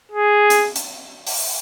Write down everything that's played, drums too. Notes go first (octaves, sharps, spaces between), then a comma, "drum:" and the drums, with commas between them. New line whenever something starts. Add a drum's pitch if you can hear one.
G#4
drum: hi-hat
drum: hi-hat
drum: open hi-hat